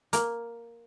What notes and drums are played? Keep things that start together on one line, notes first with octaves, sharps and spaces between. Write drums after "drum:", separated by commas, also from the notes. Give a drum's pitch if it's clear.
A#3, drum: hi-hat